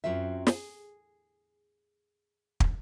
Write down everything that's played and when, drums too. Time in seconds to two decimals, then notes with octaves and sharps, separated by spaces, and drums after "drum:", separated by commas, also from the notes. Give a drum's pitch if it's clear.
0.04 F#2 F3 F#3 C4 F4 E5
0.47 G#4, drum: snare
2.60 drum: kick